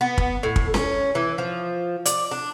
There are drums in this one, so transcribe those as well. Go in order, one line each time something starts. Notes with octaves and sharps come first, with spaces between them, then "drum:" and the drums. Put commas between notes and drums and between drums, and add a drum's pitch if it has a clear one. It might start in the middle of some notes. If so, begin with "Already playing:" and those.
B3
drum: kick
A2
drum: kick
C#4, drum: snare C#4
E3
F3
D5, drum: hi-hat
D4